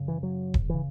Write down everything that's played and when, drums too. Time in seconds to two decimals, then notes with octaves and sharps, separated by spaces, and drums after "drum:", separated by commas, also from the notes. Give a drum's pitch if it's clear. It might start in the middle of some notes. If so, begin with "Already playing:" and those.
Already playing: F#2 C#3
0.08 E3
0.23 F#3
0.54 drum: kick D#1
0.70 C#3 E3